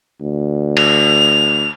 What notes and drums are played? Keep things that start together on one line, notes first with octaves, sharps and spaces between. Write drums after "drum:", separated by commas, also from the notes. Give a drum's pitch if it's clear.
D2
F7, drum: cymbal